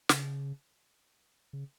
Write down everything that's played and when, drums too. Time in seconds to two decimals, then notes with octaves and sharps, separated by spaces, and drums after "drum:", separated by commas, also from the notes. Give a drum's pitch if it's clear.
0.09 C#3, drum: snare
1.53 C#3